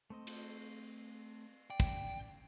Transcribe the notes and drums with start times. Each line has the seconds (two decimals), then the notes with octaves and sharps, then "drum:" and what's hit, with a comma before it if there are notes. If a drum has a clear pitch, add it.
0.10 A3 C4 D#5
0.27 drum: cymbal
1.70 D5 G5
1.80 drum: kick